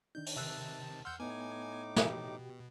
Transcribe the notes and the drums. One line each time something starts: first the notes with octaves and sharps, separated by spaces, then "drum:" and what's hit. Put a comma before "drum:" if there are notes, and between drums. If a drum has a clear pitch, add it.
D#3 D4 D#4 G6
drum: open hi-hat
C3 D#3 E5 A5 E6 F#6
E2 F#5 C6 E6 F6 G6
A2 B3 D#4 G#5 D6
B2 F#4 G4 G5, drum: snare